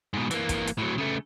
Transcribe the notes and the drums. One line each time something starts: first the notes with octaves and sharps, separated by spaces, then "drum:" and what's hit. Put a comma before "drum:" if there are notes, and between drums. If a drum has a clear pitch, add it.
G#2 B2
E3 A#3, drum: hi-hat
drum: kick, hi-hat
drum: hi-hat
A2 F#3
C#3 A3